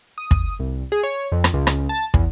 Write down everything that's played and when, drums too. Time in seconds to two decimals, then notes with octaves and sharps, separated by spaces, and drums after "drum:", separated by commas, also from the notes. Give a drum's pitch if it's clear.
0.18 D#6
0.31 drum: kick
0.59 C2
0.92 G#4
1.03 C#5
1.32 F2
1.44 drum: rim click
1.53 C#2
1.67 drum: rim click
1.89 A5
2.14 E2, drum: kick